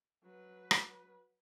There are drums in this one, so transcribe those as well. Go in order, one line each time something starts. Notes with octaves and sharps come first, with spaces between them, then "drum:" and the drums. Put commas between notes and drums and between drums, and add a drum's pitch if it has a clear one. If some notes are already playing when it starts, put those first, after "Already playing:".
F#3 B4
drum: rim click